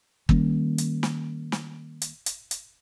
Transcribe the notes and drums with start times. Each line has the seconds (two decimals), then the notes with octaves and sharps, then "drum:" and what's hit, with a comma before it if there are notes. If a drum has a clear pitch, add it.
0.29 D#3 G3 A#3 C#4, drum: kick
0.78 drum: hi-hat
1.03 drum: snare
1.52 drum: snare
2.02 drum: hi-hat
2.26 drum: hi-hat
2.51 drum: hi-hat